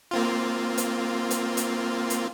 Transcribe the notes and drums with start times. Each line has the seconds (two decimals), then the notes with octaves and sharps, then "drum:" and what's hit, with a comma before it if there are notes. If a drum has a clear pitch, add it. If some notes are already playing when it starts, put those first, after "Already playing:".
0.11 A#3 C4 F4
0.78 drum: hi-hat
1.31 drum: hi-hat
1.57 drum: hi-hat
2.10 drum: hi-hat